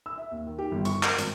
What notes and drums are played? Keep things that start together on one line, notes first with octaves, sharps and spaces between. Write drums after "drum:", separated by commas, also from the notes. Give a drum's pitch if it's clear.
E6
E5
D#2
D#3
G4
G1
C#6, drum: hi-hat
A#4, drum: clap
G#1, drum: hi-hat